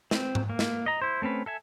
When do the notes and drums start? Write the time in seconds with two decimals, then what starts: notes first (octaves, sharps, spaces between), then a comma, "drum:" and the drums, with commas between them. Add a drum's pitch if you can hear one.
0.11 C4, drum: snare
0.35 drum: tom G#2
0.50 A#3
0.59 drum: snare
0.86 D#5 A#5
1.02 E4 C5
1.22 A3 C4 C#4 B4
1.46 A4 E5 G#5